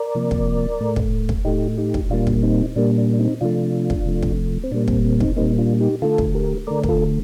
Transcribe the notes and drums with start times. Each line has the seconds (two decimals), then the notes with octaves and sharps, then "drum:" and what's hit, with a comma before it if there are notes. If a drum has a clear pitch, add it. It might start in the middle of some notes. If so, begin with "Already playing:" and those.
Already playing: A#4 D5
0.15 C3 F3 A#3
0.31 drum: kick
0.80 A2 A3
0.96 drum: kick
1.29 drum: kick
1.45 A2 A3 D#4 G4
1.78 D#4 G4
1.94 drum: kick
2.10 A#2 G3 A#3 D4 F4
2.27 drum: kick
2.43 C4 D#4
2.76 A#2 G3 A#3 D4
2.98 D4
3.13 D4
3.19 C4 D#4
3.41 C3 F3 A3 D4 F4
3.90 drum: kick
4.06 C3 F3 A3
4.23 drum: kick
4.64 C4
4.71 A#2 G3 A#3 D4
4.88 C4, drum: kick
5.04 C4
5.20 C4 D#4, drum: kick
5.36 A#2 G3 A#3 C4 D#4
5.58 D4 F4
5.80 D#4 G4
6.02 D3 A3 F4 A4
6.18 drum: kick
6.34 G4 A#4
6.67 D3 A3 A#4 D5
6.84 A#4, drum: kick
6.89 F4 A4